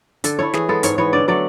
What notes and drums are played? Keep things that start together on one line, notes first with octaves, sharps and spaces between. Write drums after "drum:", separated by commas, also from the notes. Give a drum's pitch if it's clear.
D3 A4, drum: hi-hat
A3 E4 C#5
E3 G#4, drum: snare
G#3 B3 A4
G#2 C#5, drum: hi-hat
E3 B3 C#5
D3 D5
F#3 A3 D5